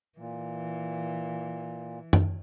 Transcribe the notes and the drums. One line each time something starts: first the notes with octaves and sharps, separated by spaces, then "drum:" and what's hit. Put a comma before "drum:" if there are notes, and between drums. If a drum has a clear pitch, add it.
A#2 E3
drum: tom F#2